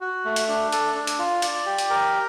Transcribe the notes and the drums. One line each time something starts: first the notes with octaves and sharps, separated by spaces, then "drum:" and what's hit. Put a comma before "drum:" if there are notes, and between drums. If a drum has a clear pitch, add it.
F#4
A3
drum: hi-hat
D4
A4, drum: hi-hat
D4
drum: hi-hat
F4
D5, drum: hi-hat
G4
drum: hi-hat
A#4